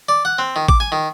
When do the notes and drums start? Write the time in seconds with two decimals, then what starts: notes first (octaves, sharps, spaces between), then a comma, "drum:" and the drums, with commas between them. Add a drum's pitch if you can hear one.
0.09 D5
0.25 F#5
0.39 C4
0.56 D#3
0.68 D6, drum: kick
0.80 G#5
0.92 D#3